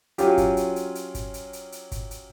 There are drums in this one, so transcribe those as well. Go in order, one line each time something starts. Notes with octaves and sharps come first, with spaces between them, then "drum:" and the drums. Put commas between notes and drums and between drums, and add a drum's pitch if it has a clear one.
F#3 C#4 F4 G4, drum: hi-hat
drum: kick G1, hi-hat
drum: hi-hat
drum: hi-hat
drum: hi-hat
drum: kick G1, hi-hat
drum: hi-hat
drum: hi-hat
drum: hi-hat
drum: kick G1, hi-hat
drum: hi-hat